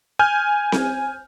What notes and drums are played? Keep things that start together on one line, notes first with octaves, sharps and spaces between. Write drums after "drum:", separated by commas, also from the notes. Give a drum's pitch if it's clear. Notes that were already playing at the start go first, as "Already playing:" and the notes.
G#5 F6 G6
drum: snare C4